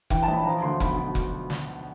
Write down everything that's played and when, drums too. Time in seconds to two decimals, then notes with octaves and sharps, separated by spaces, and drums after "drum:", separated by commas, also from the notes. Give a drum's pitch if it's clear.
0.10 E3 G5, drum: kick F1
0.23 A5
0.28 A#1
0.33 B5
0.45 F3 A#5
0.62 D2 C6
0.80 B1 B5, drum: kick F1
0.98 B2
1.15 drum: kick F1
1.50 drum: snare